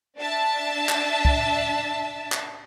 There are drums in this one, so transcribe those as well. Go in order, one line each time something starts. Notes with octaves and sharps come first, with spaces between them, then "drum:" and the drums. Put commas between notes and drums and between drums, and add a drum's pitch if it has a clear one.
D4 E5 A5
drum: clap
drum: kick C2
drum: clap